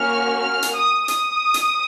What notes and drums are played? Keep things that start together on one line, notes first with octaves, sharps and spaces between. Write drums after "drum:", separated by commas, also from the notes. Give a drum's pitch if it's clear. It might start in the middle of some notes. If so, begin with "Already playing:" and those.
Already playing: A#3 C#4 F#4 F6
F6
drum: hi-hat
D#6
D#6, drum: hi-hat
drum: hi-hat